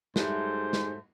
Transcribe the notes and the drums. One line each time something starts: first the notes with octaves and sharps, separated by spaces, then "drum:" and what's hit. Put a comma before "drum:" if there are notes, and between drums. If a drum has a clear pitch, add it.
G#2 F#3 G3 A3 C5, drum: snare
drum: snare